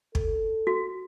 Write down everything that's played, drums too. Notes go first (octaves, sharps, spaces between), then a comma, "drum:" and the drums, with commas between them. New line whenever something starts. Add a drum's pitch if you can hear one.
A4, drum: kick
F#4